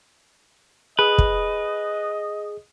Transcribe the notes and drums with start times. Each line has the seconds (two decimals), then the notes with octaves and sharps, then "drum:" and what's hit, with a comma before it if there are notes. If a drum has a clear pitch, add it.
0.99 G#4 B4 D#5
1.18 drum: kick